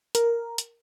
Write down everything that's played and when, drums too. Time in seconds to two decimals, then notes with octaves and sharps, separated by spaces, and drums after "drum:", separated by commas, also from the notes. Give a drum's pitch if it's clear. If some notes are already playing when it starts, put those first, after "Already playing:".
0.15 A#4, drum: hi-hat
0.58 drum: hi-hat